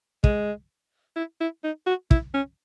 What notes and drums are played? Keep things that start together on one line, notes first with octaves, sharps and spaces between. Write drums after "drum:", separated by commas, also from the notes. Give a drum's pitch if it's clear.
G#3, drum: kick
E4
E4
D#4
F#4
E4, drum: kick
C#4